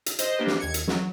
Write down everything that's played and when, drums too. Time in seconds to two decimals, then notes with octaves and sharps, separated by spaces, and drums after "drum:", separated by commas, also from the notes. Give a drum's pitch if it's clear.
0.06 drum: hi-hat
0.19 C5 D#5, drum: hi-hat
0.37 A#3 D4 G4 B4 C5
0.47 drum: snare
0.59 D#2 G#6 C#7
0.74 drum: hi-hat
0.88 F#3, drum: snare